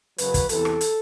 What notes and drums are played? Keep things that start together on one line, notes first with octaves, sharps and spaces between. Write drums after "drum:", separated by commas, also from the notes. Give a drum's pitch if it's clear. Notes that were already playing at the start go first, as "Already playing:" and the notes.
F#2 C#3 F#3 B4, drum: hi-hat
drum: kick, hi-hat
E2 C3 E3 A4, drum: hi-hat
drum: rim click
drum: hi-hat